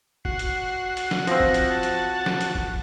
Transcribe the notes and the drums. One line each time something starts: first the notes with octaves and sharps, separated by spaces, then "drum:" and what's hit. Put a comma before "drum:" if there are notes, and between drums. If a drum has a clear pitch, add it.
F#4 C7, drum: kick
drum: hi-hat
drum: hi-hat
drum: snare
F3 C4 A#6, drum: hi-hat
drum: kick
drum: hi-hat
A5
drum: hi-hat
drum: snare
drum: hi-hat
drum: kick